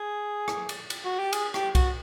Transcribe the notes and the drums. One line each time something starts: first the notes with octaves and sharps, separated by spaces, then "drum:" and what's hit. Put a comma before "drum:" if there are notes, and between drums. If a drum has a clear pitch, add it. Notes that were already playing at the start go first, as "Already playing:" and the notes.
Already playing: G#4
drum: rim click
drum: cymbal
drum: cymbal
F#4
G4
G#4, drum: cymbal
G4, drum: rim click
F#4, drum: kick C2, cymbal